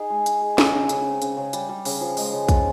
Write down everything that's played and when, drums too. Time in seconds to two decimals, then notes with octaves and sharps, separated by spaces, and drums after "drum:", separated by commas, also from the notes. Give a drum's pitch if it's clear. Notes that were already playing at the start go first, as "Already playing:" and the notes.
Already playing: D#4 G#4
0.10 G#3
0.26 D#4, drum: hi-hat
0.42 G#4
0.58 C#3, drum: snare
0.73 C#3
0.89 C#3, drum: hi-hat
1.06 C4
1.22 C#3, drum: hi-hat
1.37 C#3
1.53 G3, drum: hi-hat
1.69 G3
1.85 C#3, drum: open hi-hat
2.01 F3
2.17 G#3, drum: open hi-hat
2.32 C#3
2.48 F3, drum: kick, hi-hat